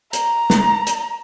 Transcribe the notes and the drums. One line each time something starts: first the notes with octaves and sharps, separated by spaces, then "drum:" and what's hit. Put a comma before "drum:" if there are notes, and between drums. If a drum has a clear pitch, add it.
A#5, drum: hi-hat
drum: snare
drum: hi-hat